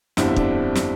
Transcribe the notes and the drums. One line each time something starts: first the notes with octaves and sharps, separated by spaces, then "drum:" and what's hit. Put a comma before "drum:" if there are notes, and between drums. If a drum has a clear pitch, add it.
G1 F2 D3 G3 C4 E4, drum: snare
E4
D4, drum: kick
drum: snare